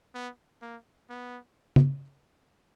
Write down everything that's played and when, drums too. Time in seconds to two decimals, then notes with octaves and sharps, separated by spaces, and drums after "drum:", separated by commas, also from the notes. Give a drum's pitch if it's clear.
0.15 B3
0.62 A#3
1.10 B3
1.76 drum: tom